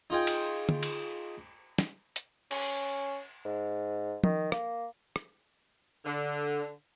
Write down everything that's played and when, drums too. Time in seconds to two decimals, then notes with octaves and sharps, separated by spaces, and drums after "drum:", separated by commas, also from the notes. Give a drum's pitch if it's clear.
0.10 D#4 F4 G#4 G5
0.27 drum: cymbal
0.69 drum: tom D3
0.83 drum: cymbal
1.78 drum: snare
2.16 drum: hi-hat
2.51 C#4, drum: cymbal
3.45 G#2
4.24 D#3, drum: tom
4.52 A#3, drum: rim click
5.16 drum: rim click
6.05 D3